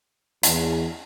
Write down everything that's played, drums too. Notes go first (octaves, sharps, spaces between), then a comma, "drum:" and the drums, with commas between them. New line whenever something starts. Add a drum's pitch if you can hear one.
E2, drum: hi-hat